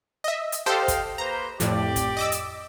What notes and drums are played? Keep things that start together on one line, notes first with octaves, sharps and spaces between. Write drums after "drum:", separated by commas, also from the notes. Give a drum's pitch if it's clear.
D#5 E5
drum: hi-hat
G4 A4 C5 D#5 F5 G5
drum: kick, hi-hat
A#3 B4 C5 A#5
F2 A2 G4 D5, drum: hi-hat
drum: kick, hi-hat
D#5 D6 E6
drum: hi-hat